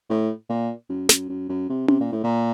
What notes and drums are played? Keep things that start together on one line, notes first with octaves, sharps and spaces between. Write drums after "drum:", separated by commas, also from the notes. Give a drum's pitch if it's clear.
A2
A#2
F#2
F#2, drum: snare
F#2
F#2
C3
C3, drum: tom C#4
A#2
A2
A#2